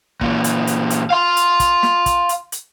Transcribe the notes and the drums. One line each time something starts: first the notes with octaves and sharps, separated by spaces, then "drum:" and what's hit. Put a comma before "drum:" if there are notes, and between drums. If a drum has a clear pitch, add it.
A#2 E3, drum: kick
drum: hi-hat
drum: hi-hat
drum: hi-hat
F5 C6
drum: hi-hat
drum: kick, hi-hat
drum: snare
drum: kick, hi-hat
drum: hi-hat
drum: hi-hat